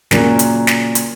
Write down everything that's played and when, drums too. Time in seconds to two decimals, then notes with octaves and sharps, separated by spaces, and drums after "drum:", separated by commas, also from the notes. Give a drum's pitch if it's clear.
0.11 A#2 C#3 F#3 A#3, drum: snare
0.39 drum: hi-hat
0.67 drum: snare
0.95 drum: hi-hat